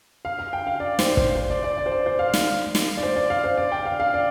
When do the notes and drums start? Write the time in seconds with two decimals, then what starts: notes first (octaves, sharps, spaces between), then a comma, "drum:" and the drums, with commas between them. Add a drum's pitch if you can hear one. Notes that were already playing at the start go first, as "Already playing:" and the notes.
0.25 F5
0.39 F5
0.53 G5
0.67 F5
0.80 D5
0.99 C5, drum: snare
1.17 C5, drum: kick
1.36 C5
1.50 D5
1.64 D5
1.78 D5
1.86 C5
1.92 D5
2.06 C5
2.19 F5
2.34 F5, drum: snare
2.75 drum: snare
2.97 D5
3.03 C5
3.16 D5
3.30 F5
3.44 C5
3.57 D5
3.72 G5
3.85 F5
4.00 F5
4.14 D5